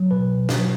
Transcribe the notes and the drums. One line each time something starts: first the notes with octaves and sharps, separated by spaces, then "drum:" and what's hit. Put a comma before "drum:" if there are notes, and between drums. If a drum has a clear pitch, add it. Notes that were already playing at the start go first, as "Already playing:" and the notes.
Already playing: F#3
B2 B4
drum: snare